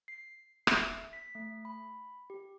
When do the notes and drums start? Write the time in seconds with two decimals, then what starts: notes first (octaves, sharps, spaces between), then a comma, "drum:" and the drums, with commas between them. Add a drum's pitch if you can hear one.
0.08 C7
0.67 E5, drum: rim click
1.13 B6
1.35 A3
1.65 B5
2.30 G4